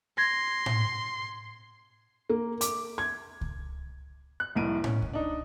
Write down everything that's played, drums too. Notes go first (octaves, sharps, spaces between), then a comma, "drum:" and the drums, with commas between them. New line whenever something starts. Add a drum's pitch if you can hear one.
C6 G#6 A#6
drum: tom A2
A#3
D6, drum: hi-hat
G#6
drum: kick C#2
F#6
F1 C2 A2 A#3 D7 D#7
C#4, drum: tom A2
drum: kick C#2
D4 D#4